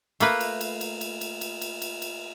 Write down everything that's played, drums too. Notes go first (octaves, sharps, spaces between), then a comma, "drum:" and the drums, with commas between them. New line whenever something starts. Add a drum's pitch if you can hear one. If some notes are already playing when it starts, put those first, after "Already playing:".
A3 A#3 B4, drum: cymbal
drum: cymbal
drum: cymbal
drum: cymbal
drum: cymbal
drum: cymbal
drum: cymbal
drum: cymbal
drum: cymbal
drum: cymbal